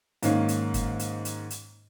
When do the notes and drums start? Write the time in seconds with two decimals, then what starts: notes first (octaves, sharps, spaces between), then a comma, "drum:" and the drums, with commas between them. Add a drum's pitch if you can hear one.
0.23 G#2 D#3 A#3 C#4, drum: hi-hat
0.48 drum: hi-hat
0.74 drum: kick F#1, hi-hat
0.99 drum: hi-hat
1.25 drum: hi-hat
1.50 drum: hi-hat